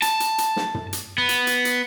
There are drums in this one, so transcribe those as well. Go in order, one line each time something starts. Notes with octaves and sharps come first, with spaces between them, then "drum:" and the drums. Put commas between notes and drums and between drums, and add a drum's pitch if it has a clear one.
A5, drum: hi-hat
drum: hi-hat
drum: hi-hat
drum: snare
drum: tom
drum: hi-hat
B3
drum: hi-hat
drum: hi-hat
drum: hi-hat